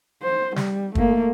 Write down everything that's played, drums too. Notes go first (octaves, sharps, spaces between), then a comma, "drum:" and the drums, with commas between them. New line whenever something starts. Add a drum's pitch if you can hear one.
C5
G3, drum: snare
A3 A#3, drum: kick